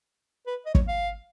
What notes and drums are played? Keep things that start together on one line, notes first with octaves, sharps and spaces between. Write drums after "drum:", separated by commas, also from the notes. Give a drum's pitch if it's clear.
B4
D#5
C#5, drum: kick
F5